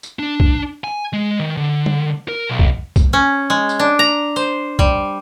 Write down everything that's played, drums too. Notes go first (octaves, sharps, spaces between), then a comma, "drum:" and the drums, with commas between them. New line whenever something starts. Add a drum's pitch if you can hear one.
drum: tambourine
D4
drum: kick C2
G#5
G#3
D#3
D3
drum: tom
A#4
B1
drum: kick C2
drum: kick C2, tambourine
C#4
G#3
drum: tambourine
D4
A#5
C5
G3, drum: kick C2